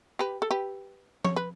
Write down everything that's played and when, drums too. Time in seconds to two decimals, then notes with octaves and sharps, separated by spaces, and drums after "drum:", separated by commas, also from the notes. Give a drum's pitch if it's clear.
0.19 G4 B4
0.42 A4
0.51 G4 B4
1.25 C#5, drum: tom F3
1.36 B4